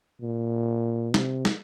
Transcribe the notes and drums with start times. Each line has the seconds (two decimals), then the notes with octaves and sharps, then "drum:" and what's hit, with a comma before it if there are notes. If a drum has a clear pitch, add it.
0.21 A#2
1.14 C3, drum: snare
1.45 drum: snare